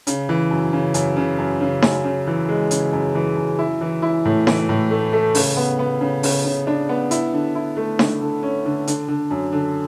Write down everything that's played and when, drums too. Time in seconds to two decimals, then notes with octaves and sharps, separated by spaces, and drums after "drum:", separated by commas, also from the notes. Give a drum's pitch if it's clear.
0.07 C#3, drum: hi-hat
0.29 E3
0.51 F#2
0.73 C#3
0.94 F#2, drum: hi-hat
1.17 C#3
1.38 F#2
1.61 C#3
1.82 F#2, drum: snare D#4
2.04 C#3
2.27 E3
2.49 G#3
2.71 C#3, drum: hi-hat
2.93 F#2
3.15 E3
3.37 F#2
3.59 E4
3.81 E3
4.02 E4
4.25 A2
4.47 E3, drum: snare D#4
4.69 A2
4.91 A3
5.13 A3
5.35 C#3, drum: open hi-hat
5.57 B3
5.79 B3
6.01 C#3
6.23 C#3, drum: open hi-hat
6.45 C#3
6.67 D4
6.89 B3
7.11 E4, drum: hi-hat
7.33 D3
7.55 E4
7.77 A3
7.99 D3, drum: snare D#4
8.21 D3
8.43 C#4
8.65 D3
8.87 D3, drum: hi-hat
9.08 D3
9.31 F#2
9.53 D3